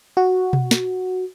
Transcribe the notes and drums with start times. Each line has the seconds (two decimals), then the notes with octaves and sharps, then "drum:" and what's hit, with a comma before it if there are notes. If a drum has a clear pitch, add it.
0.17 F#4
0.53 drum: tom B2
0.71 drum: snare